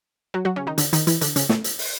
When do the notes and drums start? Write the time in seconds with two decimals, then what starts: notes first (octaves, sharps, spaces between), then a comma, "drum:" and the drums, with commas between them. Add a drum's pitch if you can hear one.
0.34 F#3 F#4
0.45 F#3 F#4
0.56 C#3 C#4
0.67 D#3 D#4
0.78 D3 D4, drum: hi-hat
0.93 D#3 D#4, drum: hi-hat
1.07 E3 E4, drum: hi-hat
1.21 D3 D4, drum: hi-hat
1.36 C#3 C#4, drum: hi-hat
1.49 A2 A3, drum: snare
1.64 drum: hi-hat
1.79 drum: open hi-hat